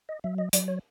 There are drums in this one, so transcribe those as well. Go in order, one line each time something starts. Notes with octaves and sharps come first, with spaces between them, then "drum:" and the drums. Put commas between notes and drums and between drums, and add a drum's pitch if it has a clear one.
D#5
F#3 E5
D#5
F#3 D5, drum: hi-hat
C#5